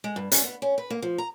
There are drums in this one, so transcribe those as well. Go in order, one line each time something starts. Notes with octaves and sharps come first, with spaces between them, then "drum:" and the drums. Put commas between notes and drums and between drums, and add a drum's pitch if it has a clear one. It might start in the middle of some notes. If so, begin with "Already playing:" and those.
G#3
G2
C#4, drum: hi-hat
B3
C#4
B4
A#3
F3
A#5